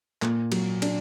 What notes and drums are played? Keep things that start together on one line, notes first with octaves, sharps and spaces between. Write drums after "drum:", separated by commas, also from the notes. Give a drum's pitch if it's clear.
A#2, drum: clap
F#3, drum: cymbal
D4, drum: cymbal